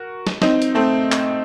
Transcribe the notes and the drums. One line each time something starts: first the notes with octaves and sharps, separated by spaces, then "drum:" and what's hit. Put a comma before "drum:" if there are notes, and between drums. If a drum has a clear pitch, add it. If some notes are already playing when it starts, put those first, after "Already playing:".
Already playing: F#4 A#4
drum: snare
C4 D#4, drum: snare
drum: hi-hat
A3 C4
drum: clap